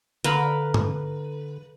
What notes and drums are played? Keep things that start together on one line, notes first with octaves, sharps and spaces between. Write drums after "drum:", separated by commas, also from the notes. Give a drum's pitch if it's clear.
D3 A#4 B4 F5 B5, drum: hi-hat
drum: tom G2